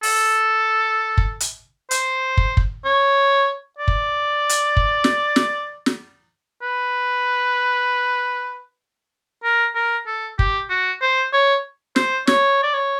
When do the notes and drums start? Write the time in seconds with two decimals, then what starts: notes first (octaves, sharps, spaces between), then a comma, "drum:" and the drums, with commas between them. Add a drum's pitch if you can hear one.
0.03 A4, drum: open hi-hat
1.18 drum: kick
1.40 drum: hi-hat
1.91 C5, drum: hi-hat
2.37 drum: kick
2.57 drum: kick
2.85 C#5
3.79 D5
3.88 drum: kick
4.49 drum: hi-hat
4.77 drum: kick
5.04 drum: snare
5.36 drum: snare
5.86 drum: snare
6.62 B4
9.44 A#4
9.75 A#4
10.07 A4
10.39 G4, drum: kick
10.70 F#4
11.02 C5
11.33 C#5
11.96 C5, drum: snare
12.27 C#5, drum: snare
12.63 D5
12.74 C#5